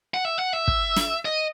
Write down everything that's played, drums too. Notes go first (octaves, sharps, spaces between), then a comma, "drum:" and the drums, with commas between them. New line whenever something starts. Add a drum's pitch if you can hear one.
F#5
E5
F#5
E5
drum: kick
drum: snare
D#5